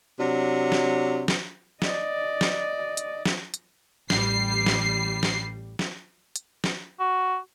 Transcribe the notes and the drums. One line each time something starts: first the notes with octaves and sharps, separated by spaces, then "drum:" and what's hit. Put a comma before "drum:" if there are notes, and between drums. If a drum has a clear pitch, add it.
C3 F#3 D4
drum: snare
drum: snare
D5 D#5, drum: snare
drum: snare
drum: hi-hat
drum: snare
drum: hi-hat
A1 G3 C7, drum: snare
drum: snare
drum: snare
drum: snare
drum: hi-hat
drum: snare
F#4